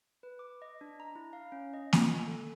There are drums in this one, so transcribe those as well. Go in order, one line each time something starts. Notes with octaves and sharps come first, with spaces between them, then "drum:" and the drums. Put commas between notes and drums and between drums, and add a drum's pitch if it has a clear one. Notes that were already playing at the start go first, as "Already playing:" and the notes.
B4
D6
D#5
D4
A#5
E4
F5
C#4
D#5
F4, drum: snare A#3
G#5
A4